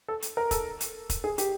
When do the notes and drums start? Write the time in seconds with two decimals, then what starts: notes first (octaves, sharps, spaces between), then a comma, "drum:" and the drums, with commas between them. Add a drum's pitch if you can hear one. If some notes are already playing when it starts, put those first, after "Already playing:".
0.08 A4
0.22 drum: hi-hat
0.37 A#4
0.51 A4, drum: kick E1, hi-hat
0.80 drum: hi-hat
1.10 drum: kick E1, hi-hat
1.24 G#4
1.38 G4, drum: hi-hat